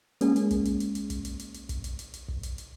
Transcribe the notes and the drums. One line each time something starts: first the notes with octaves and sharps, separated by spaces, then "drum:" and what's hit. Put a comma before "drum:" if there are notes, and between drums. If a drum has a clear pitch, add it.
G#3 A#3 C#4 G#4, drum: hi-hat
drum: hi-hat
drum: kick, hi-hat
drum: hi-hat
drum: hi-hat
drum: hi-hat
drum: kick, hi-hat
drum: hi-hat
drum: hi-hat
drum: hi-hat
drum: kick, hi-hat
drum: hi-hat
drum: hi-hat
drum: hi-hat
drum: kick
drum: hi-hat
drum: hi-hat